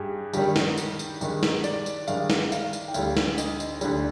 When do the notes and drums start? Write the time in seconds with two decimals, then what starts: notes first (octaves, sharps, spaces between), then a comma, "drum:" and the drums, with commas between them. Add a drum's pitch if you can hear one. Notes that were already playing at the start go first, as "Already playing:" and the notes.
Already playing: G2 G4 G#4
0.33 G2 D#3 G3 G4, drum: tambourine
0.56 drum: snare
0.77 drum: tambourine
0.99 drum: tambourine
1.21 G2 D#3 G#3, drum: tambourine
1.43 drum: snare
1.64 D5, drum: tambourine
1.86 drum: tambourine
2.08 G2 D#3 G#3 F5, drum: tambourine
2.30 drum: snare
2.52 F5, drum: tambourine
2.73 drum: tambourine
2.88 G5
2.94 D2 D3 G3 F5, drum: tambourine
3.17 drum: snare
3.38 D#5, drum: tambourine
3.60 drum: tambourine
3.81 D2 D3 G3, drum: tambourine